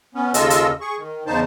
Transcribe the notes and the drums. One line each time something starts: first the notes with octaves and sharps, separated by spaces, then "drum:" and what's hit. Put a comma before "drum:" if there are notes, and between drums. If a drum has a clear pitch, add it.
B3 C#4
D#2 C#3 F4 A4 D#5 E6, drum: hi-hat
drum: hi-hat
G#4 C#6
D#3
E2 C#3 D#4 C5 A5